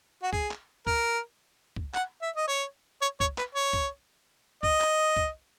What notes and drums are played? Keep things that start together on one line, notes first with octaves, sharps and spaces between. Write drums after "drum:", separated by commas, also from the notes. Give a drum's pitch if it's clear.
F#4
G#4, drum: kick
drum: clap
A#4, drum: kick
drum: kick
F#5, drum: clap
E5
D#5
C#5
C#5
C#5, drum: kick
B4, drum: clap
C#5
drum: kick
D#5, drum: kick
drum: clap
drum: kick